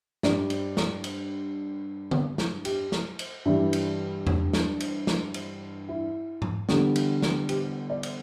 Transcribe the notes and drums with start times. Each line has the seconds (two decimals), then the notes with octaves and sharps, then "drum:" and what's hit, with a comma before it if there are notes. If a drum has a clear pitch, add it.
0.23 G2 G3 D5, drum: snare
0.50 drum: cymbal
0.77 drum: snare
1.04 drum: cymbal
2.11 drum: tom D3
2.38 drum: snare
2.65 G4, drum: cymbal
2.92 drum: snare
3.19 drum: cymbal
3.45 G2 E3 G3 E4
3.73 drum: cymbal
4.27 drum: tom E2
4.53 drum: snare
4.80 drum: cymbal
5.07 drum: snare
5.34 drum: cymbal
5.89 E4
6.42 drum: tom G#2
6.69 E2 D3 G3, drum: snare
6.96 drum: cymbal
7.22 drum: snare
7.49 G4, drum: cymbal
7.90 D5
8.03 drum: cymbal